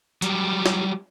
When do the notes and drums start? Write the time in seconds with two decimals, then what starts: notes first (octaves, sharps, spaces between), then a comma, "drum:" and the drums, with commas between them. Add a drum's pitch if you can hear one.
0.22 F#3 G3, drum: hi-hat
0.66 drum: snare